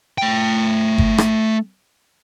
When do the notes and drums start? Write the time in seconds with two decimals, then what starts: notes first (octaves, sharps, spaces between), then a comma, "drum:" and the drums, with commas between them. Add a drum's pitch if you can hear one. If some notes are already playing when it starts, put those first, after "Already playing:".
0.18 A3 G5
0.98 drum: kick G1
1.18 drum: rim click